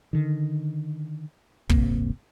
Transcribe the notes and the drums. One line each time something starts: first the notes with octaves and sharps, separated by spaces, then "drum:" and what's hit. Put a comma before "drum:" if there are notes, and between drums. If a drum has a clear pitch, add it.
D3 D#3
D1 G1 C3 A#3, drum: kick